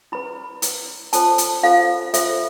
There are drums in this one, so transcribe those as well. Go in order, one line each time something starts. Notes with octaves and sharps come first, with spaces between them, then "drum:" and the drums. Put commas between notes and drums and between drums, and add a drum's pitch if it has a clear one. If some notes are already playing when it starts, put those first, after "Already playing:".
E4 B4 B5
E4 B4, drum: hi-hat
F4 A4 C5 A5, drum: hi-hat
drum: hi-hat
F4 A4 C5 F5
F4 A4 C5 E5, drum: hi-hat